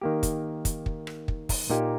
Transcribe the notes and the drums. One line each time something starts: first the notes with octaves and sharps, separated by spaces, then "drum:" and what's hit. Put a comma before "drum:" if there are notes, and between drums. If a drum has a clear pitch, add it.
D#3 A#3 G4
drum: kick, hi-hat
drum: kick, hi-hat
drum: kick
drum: rim click
drum: kick
drum: kick, open hi-hat
A#2 A#3 D#4 G4